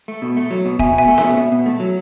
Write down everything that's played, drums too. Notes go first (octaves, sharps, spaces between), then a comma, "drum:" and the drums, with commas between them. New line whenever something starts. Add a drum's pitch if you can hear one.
A3
B2
A3
F#3
B2
B2 E5 G#5, drum: kick
B2
E5 G#5
A3
E5, drum: snare C#4
B2
B2 E5
B2
A3
F#3